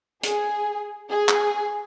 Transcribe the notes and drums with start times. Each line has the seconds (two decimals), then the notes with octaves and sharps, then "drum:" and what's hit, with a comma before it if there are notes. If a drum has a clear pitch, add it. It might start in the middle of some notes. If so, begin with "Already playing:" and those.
0.23 G#4, drum: hi-hat
1.10 G#4
1.29 drum: clap